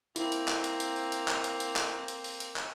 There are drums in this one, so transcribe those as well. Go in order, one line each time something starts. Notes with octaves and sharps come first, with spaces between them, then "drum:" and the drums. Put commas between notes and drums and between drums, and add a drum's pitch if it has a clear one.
A#3 C4 E4, drum: hi-hat
drum: hi-hat
drum: clap
drum: hi-hat
drum: hi-hat
drum: open hi-hat
drum: hi-hat
drum: clap
drum: hi-hat
drum: hi-hat
drum: clap
drum: hi-hat
drum: open hi-hat
drum: hi-hat
drum: clap